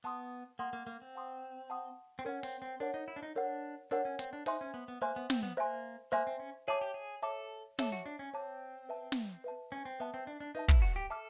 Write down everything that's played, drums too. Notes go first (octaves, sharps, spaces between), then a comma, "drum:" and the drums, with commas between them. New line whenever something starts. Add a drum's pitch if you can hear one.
B3 F#5 A5 C6 D#6
A#3 F#5 A5 C6 D#6
A#3
A#3
C4
F#5 A5 C6 D#6
F#5 A5 C6 D#6
C4
C#4 A#4 C#5 F#5
C4, drum: open hi-hat
C4
D4 A#4 C#5 F#5
D#4
E4
D4
D#4
D4 A#4 C#5 F#5
D4 A#4 C#5 F#5
C#4
C4, drum: hi-hat
D4
D#4 C5 E5 G#5 C6, drum: open hi-hat
C#4
B3
B3
A#3 C5 E5 G#5 C6
B3
C4, drum: snare
B3
A#3 C5 E5 G#5 C6
A#3 C5 E5 G#5 C6
C4
C#4
G#4 C#5 E5 A5 D6
G4
G#4
A4 C#5 E5 A5 D6
A4 C#5 E5 A5 D6, drum: snare
F#4
D4
C#4
C4 C#5 E5 A5 D6
B4 E5 A5
drum: snare
B4 E5 A5
C#4
C4
B3 B4 E5 A5
C4
D4
D4
D#4 B4 E5 A5
E4, drum: kick
F#4
G4
A4 E5 A5 D6 F6